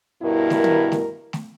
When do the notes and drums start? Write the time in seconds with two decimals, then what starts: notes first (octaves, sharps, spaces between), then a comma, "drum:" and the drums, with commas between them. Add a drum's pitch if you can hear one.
0.23 G2 B2 E4 A#4
0.50 drum: snare A3
0.64 drum: tom
0.92 drum: snare A3
1.33 drum: snare A3